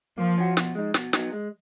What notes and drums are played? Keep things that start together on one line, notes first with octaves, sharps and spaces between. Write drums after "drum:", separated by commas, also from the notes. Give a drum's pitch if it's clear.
F3 A#3
C#4 F#4
B2, drum: snare
G#3 D#4
B2, drum: snare
F#3 B3 D#4, drum: snare
G#3